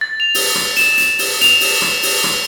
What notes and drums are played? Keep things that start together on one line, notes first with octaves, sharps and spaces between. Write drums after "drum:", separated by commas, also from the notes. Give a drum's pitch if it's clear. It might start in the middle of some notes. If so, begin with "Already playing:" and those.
A6
F7
drum: open hi-hat
drum: rim click
E7, drum: hi-hat
drum: hi-hat
drum: open hi-hat
F7, drum: hi-hat
drum: open hi-hat
drum: rim click
drum: open hi-hat
drum: rim click